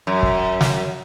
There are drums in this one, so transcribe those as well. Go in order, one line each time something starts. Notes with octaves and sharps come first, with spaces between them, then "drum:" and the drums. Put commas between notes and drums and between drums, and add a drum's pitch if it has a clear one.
F#2
drum: kick
drum: snare